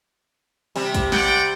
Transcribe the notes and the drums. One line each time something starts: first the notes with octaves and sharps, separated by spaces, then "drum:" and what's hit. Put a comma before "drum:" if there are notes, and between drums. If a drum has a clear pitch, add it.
C3 G3, drum: open hi-hat
drum: kick, hi-hat
D5 F#5 G5, drum: snare